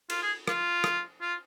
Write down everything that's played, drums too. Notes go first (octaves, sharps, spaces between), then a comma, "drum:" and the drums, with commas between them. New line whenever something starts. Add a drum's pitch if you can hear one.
F4, drum: cymbal
G#4
F4, drum: rim click
drum: rim click
F4